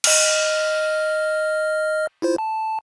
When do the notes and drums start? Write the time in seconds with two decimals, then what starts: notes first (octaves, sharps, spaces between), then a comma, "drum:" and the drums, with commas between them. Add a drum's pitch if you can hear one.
0.04 D#5 F6, drum: cymbal
2.22 E4 F4 C5
2.38 A5